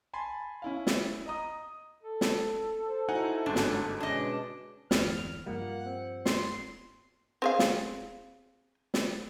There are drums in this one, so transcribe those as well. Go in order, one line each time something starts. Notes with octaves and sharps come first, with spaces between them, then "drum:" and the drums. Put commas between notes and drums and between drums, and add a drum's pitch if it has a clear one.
G#5 A5 B5 C6
C#4 E4 F5
drum: snare
D#5 A#5 D#6
A4
drum: snare
C5
D#4 E4 F#4 C5 F#5 G#5
G1 G#2 C#4 D4 F#4 A5
drum: snare
B2 G#3 C#4 D4 D#5
G1 E2 F6, drum: snare
G2 F3 G3 A#3 F#5
C4
C6, drum: snare
C4 G#4 F5
drum: snare
drum: snare